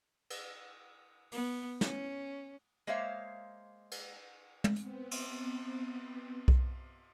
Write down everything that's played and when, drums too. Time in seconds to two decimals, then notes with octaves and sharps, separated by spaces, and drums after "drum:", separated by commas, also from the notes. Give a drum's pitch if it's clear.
0.30 drum: cymbal
1.32 B3, drum: open hi-hat
1.81 C#4, drum: snare
2.87 G#3 A#3 C5 C#5 E5 F5
3.91 drum: cymbal
4.64 drum: tom
4.76 B3 C4, drum: hi-hat
5.11 drum: cymbal
6.48 drum: kick B1